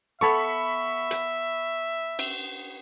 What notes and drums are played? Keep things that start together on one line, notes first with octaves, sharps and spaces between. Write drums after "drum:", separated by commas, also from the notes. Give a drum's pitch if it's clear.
B3 A4 C#5 E5 B5 C#6
drum: hi-hat
drum: cymbal